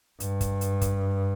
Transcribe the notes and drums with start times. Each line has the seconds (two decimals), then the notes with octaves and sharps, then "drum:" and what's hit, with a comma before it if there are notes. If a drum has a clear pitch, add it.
0.20 G2, drum: hi-hat
0.41 drum: kick, hi-hat
0.61 drum: hi-hat
0.81 drum: kick, hi-hat